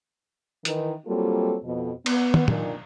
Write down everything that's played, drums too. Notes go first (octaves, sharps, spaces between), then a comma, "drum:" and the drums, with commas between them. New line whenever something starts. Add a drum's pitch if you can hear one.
D#3 E3, drum: hi-hat
F#3 G3 A#3 C4 F4 A4
F2 B2
B3, drum: cymbal
drum: tom
A#2 D#3 D4, drum: tom